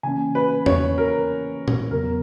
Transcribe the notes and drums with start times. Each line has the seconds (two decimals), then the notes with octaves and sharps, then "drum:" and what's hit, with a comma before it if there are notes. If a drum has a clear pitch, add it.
0.03 C#3 E3 A#3 C#4 G#5
0.35 B4
0.66 C#5, drum: tom E2
0.98 A#4
1.68 drum: tom A#2
1.91 E2 C#3 F#3 B3 A#4